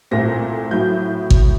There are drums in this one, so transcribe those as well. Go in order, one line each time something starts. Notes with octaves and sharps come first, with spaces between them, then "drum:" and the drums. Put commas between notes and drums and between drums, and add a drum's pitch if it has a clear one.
C2 A#2 A3 C4 A#6
A2 F#3 G6
drum: kick